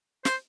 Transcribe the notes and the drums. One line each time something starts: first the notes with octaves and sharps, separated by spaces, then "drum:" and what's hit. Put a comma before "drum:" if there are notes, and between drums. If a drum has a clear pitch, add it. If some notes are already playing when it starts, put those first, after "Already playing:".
C5, drum: snare